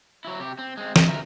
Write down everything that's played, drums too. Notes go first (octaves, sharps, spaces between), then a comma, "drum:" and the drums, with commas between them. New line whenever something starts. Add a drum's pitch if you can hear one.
F#3 E4
C3 G4
C4
G#3 C4
D#5, drum: snare
A#4 E5